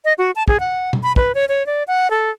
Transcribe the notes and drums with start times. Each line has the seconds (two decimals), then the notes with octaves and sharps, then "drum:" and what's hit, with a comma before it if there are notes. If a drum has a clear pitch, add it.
0.05 D#5
0.18 F#4
0.36 A5
0.48 G#4, drum: kick
0.60 F#5
0.93 drum: tom B2
1.03 B5
1.16 B4, drum: kick
1.35 C#5
1.49 C#5
1.66 D5
1.88 F#5
2.11 A4